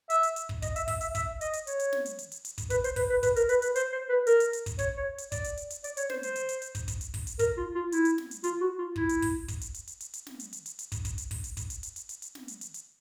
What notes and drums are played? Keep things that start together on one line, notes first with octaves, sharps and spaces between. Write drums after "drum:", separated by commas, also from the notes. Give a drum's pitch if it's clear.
E5, drum: hi-hat
drum: hi-hat
drum: hi-hat
drum: kick
D#5, drum: kick, hi-hat
E5, drum: hi-hat
E5, drum: kick, open hi-hat
E5, drum: hi-hat
E5, drum: kick, hi-hat
D#5, drum: hi-hat
drum: hi-hat
C#5, drum: hi-hat
drum: hi-hat
drum: snare
drum: hi-hat
drum: hi-hat
drum: hi-hat
drum: hi-hat
drum: kick, hi-hat
B4, drum: kick, hi-hat
C5, drum: hi-hat
B4, drum: kick, open hi-hat
B4
B4, drum: kick, hi-hat
A#4, drum: hi-hat
B4, drum: hi-hat
B4, drum: hi-hat
C5, drum: hi-hat
C5
B4
A#4, drum: hi-hat
drum: hi-hat
drum: hi-hat
drum: kick, hi-hat
C#5, drum: kick, hi-hat
C#5
drum: hi-hat
D5, drum: kick, hi-hat
drum: hi-hat
drum: hi-hat
drum: hi-hat
D5, drum: hi-hat
C#5, drum: hi-hat
C5, drum: snare
C5, drum: hi-hat
drum: hi-hat
drum: hi-hat
drum: hi-hat
drum: kick, hi-hat
drum: kick, hi-hat
drum: hi-hat
drum: kick, open hi-hat
drum: hi-hat
A#4, drum: kick, hi-hat
F4
F4
E4, drum: hi-hat
drum: hi-hat
drum: snare
drum: hi-hat
F4, drum: hi-hat
F#4
F4
E4, drum: kick
drum: hi-hat
drum: kick, open hi-hat
drum: kick, hi-hat
drum: hi-hat
drum: hi-hat
drum: hi-hat
drum: hi-hat
drum: hi-hat
drum: snare
drum: hi-hat
drum: hi-hat
drum: hi-hat
drum: hi-hat
drum: kick, hi-hat
drum: kick, hi-hat
drum: hi-hat
drum: kick, open hi-hat
drum: hi-hat
drum: kick, hi-hat
drum: hi-hat
drum: hi-hat
drum: hi-hat
drum: hi-hat
drum: hi-hat
drum: snare
drum: hi-hat
drum: hi-hat
drum: hi-hat